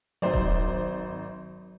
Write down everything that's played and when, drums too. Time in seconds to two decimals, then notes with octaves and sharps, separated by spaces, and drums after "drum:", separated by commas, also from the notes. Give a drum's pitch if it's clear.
0.22 G#1 F#3 C5 D5
0.34 drum: kick D#1